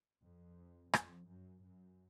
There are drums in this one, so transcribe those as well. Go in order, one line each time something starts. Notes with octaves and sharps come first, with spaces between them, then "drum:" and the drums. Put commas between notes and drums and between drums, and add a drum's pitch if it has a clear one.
F2
F2, drum: rim click
F#2
F#2